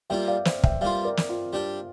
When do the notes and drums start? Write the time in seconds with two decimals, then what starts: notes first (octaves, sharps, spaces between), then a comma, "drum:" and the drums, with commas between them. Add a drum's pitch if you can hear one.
0.10 G3 A#3 F4 E5 G5
0.28 D5 F5
0.45 C5 E5, drum: snare
0.64 E5 G5, drum: kick
0.81 G3 A#3 F4 D5 F5
1.05 A#4 D5
1.17 drum: snare
1.29 F4
1.53 G3 D4 G4